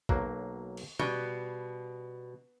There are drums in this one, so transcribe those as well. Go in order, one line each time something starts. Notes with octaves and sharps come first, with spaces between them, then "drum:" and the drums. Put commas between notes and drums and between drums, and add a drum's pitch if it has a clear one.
B1 F#3 A#3, drum: kick
drum: cymbal
B2 G3, drum: tom